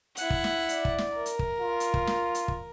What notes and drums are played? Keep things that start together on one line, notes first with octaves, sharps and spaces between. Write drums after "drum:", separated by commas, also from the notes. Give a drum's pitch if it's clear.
E4 F#5, drum: hi-hat
drum: kick
drum: snare
D5, drum: hi-hat
drum: kick
drum: snare
A#4
drum: hi-hat
drum: kick
F4
drum: hi-hat
drum: kick
drum: snare
drum: hi-hat
drum: kick